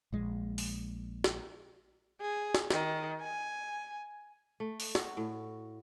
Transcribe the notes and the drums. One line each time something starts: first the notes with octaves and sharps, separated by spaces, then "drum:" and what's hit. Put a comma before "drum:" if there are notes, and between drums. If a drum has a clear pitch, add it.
A#1 G#3
drum: open hi-hat
drum: snare
G#4
drum: snare
D#3, drum: snare
G#5
A3
drum: open hi-hat
F#4, drum: snare
A2